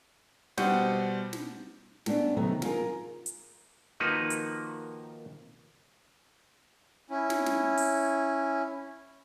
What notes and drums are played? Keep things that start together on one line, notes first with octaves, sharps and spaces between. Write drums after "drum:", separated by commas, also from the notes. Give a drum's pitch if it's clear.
B2 G3 C5 F#5 G6, drum: snare
drum: snare
A3 B3 C#4 D4, drum: snare
C3 D#3 F#3 A3 B3 D#4
F4 G#4 A#4, drum: snare
drum: hi-hat
D#3 F3 A#3 D#4 F#4 B4
drum: hi-hat
C#4 E4
drum: snare
drum: snare
drum: open hi-hat